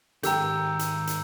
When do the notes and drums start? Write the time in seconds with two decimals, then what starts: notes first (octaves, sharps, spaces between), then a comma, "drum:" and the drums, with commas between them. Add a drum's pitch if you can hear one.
0.23 G#2 D#3 G4 G5 A#5 E6 G6, drum: hi-hat
0.79 drum: hi-hat
1.07 drum: hi-hat